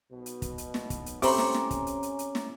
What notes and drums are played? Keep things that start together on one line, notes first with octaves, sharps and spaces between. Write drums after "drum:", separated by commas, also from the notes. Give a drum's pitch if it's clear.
B1 B2
drum: hi-hat
drum: kick, hi-hat
drum: hi-hat
drum: snare
drum: kick, hi-hat
drum: hi-hat
A3 C4 C#4 G4 C5 A#5 B5 D6, drum: open hi-hat
drum: snare
drum: snare
drum: kick, hi-hat
drum: hi-hat
drum: hi-hat
drum: hi-hat
drum: snare